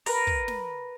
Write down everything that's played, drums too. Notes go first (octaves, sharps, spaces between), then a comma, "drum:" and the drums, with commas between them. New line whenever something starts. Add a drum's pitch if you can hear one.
A#4 B4, drum: open hi-hat
drum: kick
drum: snare